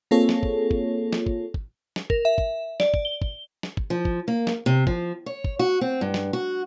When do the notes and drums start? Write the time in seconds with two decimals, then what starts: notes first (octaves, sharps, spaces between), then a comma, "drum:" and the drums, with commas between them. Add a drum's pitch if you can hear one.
0.11 A#3 C4 F4 G#4 A4 C#5
0.29 drum: snare
0.43 drum: kick
0.71 drum: kick
1.13 drum: snare
1.26 drum: kick
1.54 drum: kick
1.96 drum: snare
2.10 A#4, drum: kick
2.25 E5
2.38 drum: kick
2.80 D5, drum: snare
2.94 drum: kick
3.05 G7
3.22 drum: kick
3.63 drum: snare
3.77 drum: kick
3.90 F3
4.05 drum: kick
4.28 A#3
4.47 drum: snare
4.66 C3
4.87 F3, drum: kick
5.26 C#5
5.45 drum: kick
5.59 F#4
5.81 C4
6.01 G2
6.14 drum: snare
6.33 F#4